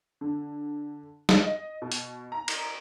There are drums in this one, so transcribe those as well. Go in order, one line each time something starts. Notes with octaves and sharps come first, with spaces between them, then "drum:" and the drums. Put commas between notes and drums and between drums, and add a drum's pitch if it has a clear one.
D3
drum: snare
D#5
B2
drum: hi-hat
A#5
drum: cymbal